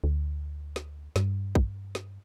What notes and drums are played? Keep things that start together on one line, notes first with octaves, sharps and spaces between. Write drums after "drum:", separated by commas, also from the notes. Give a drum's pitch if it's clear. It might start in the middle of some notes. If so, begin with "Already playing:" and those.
D2
drum: snare
G2, drum: snare
drum: kick
drum: snare